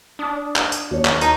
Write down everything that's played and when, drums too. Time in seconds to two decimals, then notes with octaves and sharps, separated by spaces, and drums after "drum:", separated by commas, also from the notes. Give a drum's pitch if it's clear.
0.19 D4 A5 D#6
0.56 drum: clap
0.72 drum: tambourine
0.91 D#2 F#4 C#5
1.05 drum: clap
1.21 D#4 F#4 A#4 A5 C#6, drum: tambourine